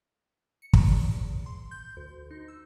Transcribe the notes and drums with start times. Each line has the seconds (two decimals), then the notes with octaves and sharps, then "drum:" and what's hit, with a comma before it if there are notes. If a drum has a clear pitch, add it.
0.62 C#7
0.73 E2, drum: kick
1.46 C6
1.71 G6
1.97 D2
2.31 D#4
2.48 E6